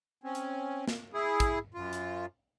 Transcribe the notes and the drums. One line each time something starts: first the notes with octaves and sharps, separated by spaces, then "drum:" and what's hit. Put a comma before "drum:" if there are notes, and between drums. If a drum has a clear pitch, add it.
C4 C#4
drum: hi-hat
drum: snare
E4 G#4
drum: kick, hi-hat
F#2 F4
drum: hi-hat